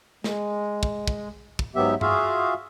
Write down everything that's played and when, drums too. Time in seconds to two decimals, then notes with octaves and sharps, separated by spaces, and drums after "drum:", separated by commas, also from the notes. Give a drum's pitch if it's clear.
0.24 G#3, drum: snare
0.83 drum: kick
1.08 drum: kick
1.59 drum: kick
1.75 G#2 F#3 B3 G4 E5
2.01 F4 F#4 G#4 E5 F5, drum: tom G2